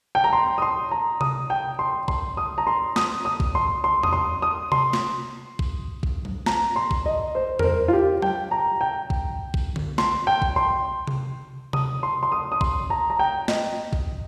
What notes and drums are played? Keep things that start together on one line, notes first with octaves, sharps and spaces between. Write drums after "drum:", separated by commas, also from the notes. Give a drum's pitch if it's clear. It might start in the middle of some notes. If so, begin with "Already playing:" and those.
G5
A#5
C6
D#6
C6
A#5
D#6, drum: tom C3
G5
C6
C6, drum: kick
D#6
A#5
C6
D#6, drum: snare
D#6
drum: kick
C6
C6
D#6, drum: tom E2
C6
D#6
C6, drum: tom C3
drum: snare
drum: kick
drum: kick
drum: tom F#3
A#5, drum: snare
C6
drum: kick
D#5
C5
A#4, drum: tom E2
C5
F4
G4
G5, drum: tom F#3
A#5
G5
drum: kick
drum: kick
drum: tom D3
C6, drum: snare
G5
drum: kick
C6
drum: tom C3
D#6, drum: tom C3
C6
C6
D#6
D#6
C6, drum: kick
A#5
A#5
G5
D#5, drum: snare
drum: kick